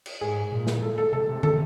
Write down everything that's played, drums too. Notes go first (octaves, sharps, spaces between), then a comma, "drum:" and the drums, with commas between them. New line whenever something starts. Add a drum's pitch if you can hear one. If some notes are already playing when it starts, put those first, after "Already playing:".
drum: cymbal
G#2 G#4
A#2
drum: snare
A4
A4
C3 A4
C3
A4, drum: tom